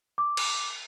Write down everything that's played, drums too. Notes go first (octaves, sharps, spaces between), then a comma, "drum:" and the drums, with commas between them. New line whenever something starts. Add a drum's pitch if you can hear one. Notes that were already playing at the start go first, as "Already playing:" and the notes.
D6
drum: cymbal